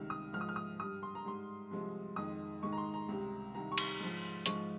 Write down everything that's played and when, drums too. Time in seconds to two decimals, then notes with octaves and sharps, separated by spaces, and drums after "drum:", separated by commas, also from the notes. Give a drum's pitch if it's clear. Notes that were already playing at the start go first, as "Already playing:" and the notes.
Already playing: C#2 C3 D#3 G3 F6
0.10 D#6
0.33 G#2 F3 G#3 F6
0.41 D#6
0.49 F6
0.56 D#6
0.79 G2 G3 D#6
1.03 C6
1.15 A#5
1.25 G#2 G3 C6
1.71 C2 C3 F3 G#3
2.16 F2 D#3 G#3 D#6
2.63 G#2 D#3 G#3 C#6
2.72 A#5
2.78 C6
2.94 A#5
3.08 C#2 C3 G3
3.55 C2 C3 D#3 G3 A#5
3.72 C#6
3.78 C6, drum: cymbal
4.00 G#2 F3 G#3
4.46 G#2 F3 G#3 C#6, drum: hi-hat